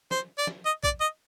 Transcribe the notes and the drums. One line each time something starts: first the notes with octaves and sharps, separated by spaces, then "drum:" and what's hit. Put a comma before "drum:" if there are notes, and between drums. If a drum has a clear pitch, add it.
C5, drum: snare
D5
drum: snare
D#5
D5, drum: kick
D#5